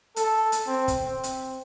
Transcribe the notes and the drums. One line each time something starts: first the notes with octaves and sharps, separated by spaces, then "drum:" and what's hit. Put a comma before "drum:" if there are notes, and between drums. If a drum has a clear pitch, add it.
A4, drum: hi-hat
drum: hi-hat
C4
drum: kick, hi-hat
C4
drum: hi-hat